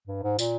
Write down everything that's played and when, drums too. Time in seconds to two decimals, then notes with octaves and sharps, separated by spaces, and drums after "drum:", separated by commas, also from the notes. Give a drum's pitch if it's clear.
0.08 G2
0.23 G#2
0.39 A#2, drum: tambourine